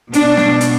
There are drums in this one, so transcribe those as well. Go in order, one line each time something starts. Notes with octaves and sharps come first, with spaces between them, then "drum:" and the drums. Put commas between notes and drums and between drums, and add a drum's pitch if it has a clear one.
B2 D4, drum: hi-hat
drum: snare
drum: hi-hat